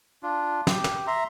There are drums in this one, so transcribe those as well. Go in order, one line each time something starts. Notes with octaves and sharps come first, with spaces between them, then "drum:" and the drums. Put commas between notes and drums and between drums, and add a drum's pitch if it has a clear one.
D4 F4
G4, drum: snare
drum: snare
E5 A#5 C6